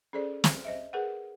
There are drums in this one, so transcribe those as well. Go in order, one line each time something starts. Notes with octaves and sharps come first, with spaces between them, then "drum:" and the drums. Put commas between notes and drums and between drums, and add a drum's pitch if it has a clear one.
C#4 G#4 A4 C5 D5
drum: snare
C5 D#5 E5
G#4 A#4 B4 F#5